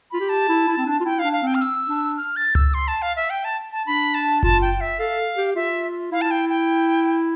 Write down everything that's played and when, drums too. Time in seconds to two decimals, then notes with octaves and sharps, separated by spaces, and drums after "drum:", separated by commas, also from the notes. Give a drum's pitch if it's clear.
0.11 F4 B5
0.20 G4
0.29 A5
0.48 E4
0.68 E4
0.78 C4
0.86 D4
1.00 F4
1.05 E4 G5
1.19 D4 F5
1.33 F5
1.43 C4 G5
1.55 F6
1.61 E6, drum: hi-hat
1.89 D4
2.18 F6
2.36 A6
2.55 E6, drum: tom C#2
2.74 C6
2.88 A5, drum: hi-hat
3.02 F5
3.16 E5
3.30 G5
3.45 A5
3.72 A5
3.86 D4 B5
4.14 A5
4.43 F4 A5, drum: kick F#1
4.61 G5
4.81 E5
4.99 A4 F5
5.37 G4
5.55 F4 E5
6.12 E4 F5
6.21 A5
6.31 G5
6.50 G5